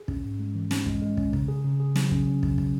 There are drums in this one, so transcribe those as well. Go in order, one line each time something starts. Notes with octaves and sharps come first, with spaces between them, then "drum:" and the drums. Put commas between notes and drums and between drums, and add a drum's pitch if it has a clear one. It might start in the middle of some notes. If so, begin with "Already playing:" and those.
Already playing: G#4
C#4, drum: kick
G#2
G#3
E3
C#4, drum: snare
G#3, drum: kick
G#3
C#4, drum: kick
C#3, drum: kick
G#4
C#3
G#4
F#3, drum: snare
C#4, drum: kick
C#4
F#3, drum: kick
drum: kick